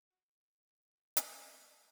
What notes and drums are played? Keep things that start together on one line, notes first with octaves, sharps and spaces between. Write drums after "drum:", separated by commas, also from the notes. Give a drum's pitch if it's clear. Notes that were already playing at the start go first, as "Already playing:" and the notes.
F#4
F#4
F4, drum: hi-hat
F4
D#4
C#4